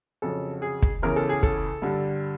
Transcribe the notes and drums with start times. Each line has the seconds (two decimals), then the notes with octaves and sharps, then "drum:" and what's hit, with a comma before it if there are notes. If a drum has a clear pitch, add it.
0.22 F2 C#3 F#3 A4
0.62 G#4
0.83 drum: kick
1.02 E2 C#3 E3 A#4
1.16 A4
1.29 G#4
1.43 A4, drum: kick
1.82 G2 D3 G3